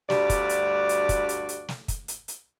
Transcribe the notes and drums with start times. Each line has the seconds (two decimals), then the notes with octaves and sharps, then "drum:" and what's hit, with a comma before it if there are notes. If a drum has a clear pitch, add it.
0.10 D2 G2 G3 F#4 D5, drum: snare
0.30 drum: kick, hi-hat
0.49 drum: hi-hat
0.89 drum: hi-hat
1.09 drum: kick, hi-hat
1.29 drum: hi-hat
1.49 drum: hi-hat
1.68 drum: snare
1.88 drum: kick, hi-hat
2.08 drum: hi-hat
2.28 drum: hi-hat